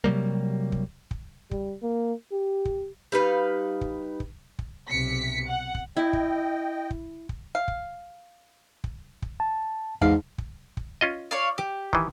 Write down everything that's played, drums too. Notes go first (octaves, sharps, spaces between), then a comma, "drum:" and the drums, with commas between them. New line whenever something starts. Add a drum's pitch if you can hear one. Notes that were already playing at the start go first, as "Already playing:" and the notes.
C3 F#3 G3 A#3
drum: kick
drum: kick
G3, drum: kick
A#3
G4
drum: kick
G3 D#4 B4 F5
drum: kick
drum: kick
drum: kick
B1 C3 B6 C#7
F#5
drum: kick
E4 D#5 G5
drum: kick
drum: kick
drum: kick
F5
drum: kick
drum: kick
drum: kick
A5
E2 G#2 B2 D3 F5, drum: kick
drum: kick
drum: kick
C#4 F4 D#5
C#5 D5 F5
G4
D#3 E3, drum: kick